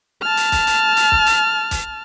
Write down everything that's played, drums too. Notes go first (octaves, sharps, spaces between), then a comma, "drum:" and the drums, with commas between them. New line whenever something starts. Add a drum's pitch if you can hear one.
A5 F6
drum: hi-hat
drum: kick, hi-hat
drum: hi-hat
drum: hi-hat
drum: kick
drum: hi-hat
drum: kick, hi-hat